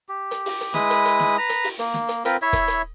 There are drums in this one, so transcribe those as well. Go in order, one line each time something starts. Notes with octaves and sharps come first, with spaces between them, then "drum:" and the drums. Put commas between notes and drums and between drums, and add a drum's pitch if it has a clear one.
G4
drum: hi-hat
drum: open hi-hat
drum: hi-hat
G#3 E4 B4 D#6, drum: snare
drum: hi-hat
drum: hi-hat
drum: snare
B4 A#5
drum: hi-hat
drum: open hi-hat
A#3, drum: hi-hat
drum: snare
drum: hi-hat
C4 F4 A#4 B4, drum: hi-hat
E4 C#5 E5
drum: kick, hi-hat
drum: hi-hat